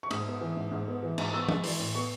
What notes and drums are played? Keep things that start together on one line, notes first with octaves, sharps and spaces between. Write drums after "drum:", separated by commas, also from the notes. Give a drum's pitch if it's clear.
C#6
G#2 D#6, drum: cymbal
B3
E3
G#2
G#2
B3
E3
G#2, drum: cymbal
B3 E6
G#3, drum: tom
E3, drum: open hi-hat
A2
B3 C#6